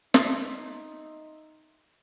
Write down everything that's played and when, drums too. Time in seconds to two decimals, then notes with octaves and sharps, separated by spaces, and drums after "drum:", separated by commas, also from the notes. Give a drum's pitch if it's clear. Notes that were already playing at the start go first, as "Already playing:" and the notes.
0.14 D#4 E5 C6 B6 C7, drum: snare